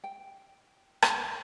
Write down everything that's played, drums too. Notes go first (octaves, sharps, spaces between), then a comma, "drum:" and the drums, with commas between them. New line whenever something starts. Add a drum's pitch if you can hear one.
G5
drum: rim click